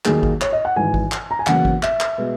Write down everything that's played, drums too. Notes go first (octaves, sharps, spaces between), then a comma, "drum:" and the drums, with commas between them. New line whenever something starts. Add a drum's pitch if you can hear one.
D#2 D#3 F#3 A#3 G#4, drum: clap
drum: kick G#1
C#5, drum: clap
D#5
F#5
G#1 G#2 E3 G#5
drum: kick G#1
drum: clap
A#5
G#5
E1 E2 C#3 F#3 A#3 F#5, drum: clap
drum: kick G#1
E5, drum: clap
drum: clap
B2 G#3 B3